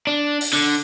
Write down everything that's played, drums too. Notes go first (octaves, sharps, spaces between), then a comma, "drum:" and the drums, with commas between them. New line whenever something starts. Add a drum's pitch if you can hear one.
D4
drum: open hi-hat
D3